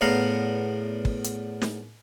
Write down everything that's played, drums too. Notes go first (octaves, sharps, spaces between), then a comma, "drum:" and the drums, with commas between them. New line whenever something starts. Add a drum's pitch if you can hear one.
E2 A2 B3 F5 F#5 A#5
drum: kick
drum: hi-hat
drum: snare